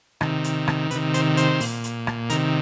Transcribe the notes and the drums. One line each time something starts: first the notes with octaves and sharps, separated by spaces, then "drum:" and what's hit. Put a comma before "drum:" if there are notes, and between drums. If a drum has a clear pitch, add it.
C3 D#3, drum: rim click
drum: hi-hat
drum: rim click
C3 D#3 B4, drum: hi-hat
C5, drum: hi-hat
C5, drum: hi-hat
A#2, drum: open hi-hat
drum: hi-hat
drum: rim click
C3 D#3 A#4, drum: hi-hat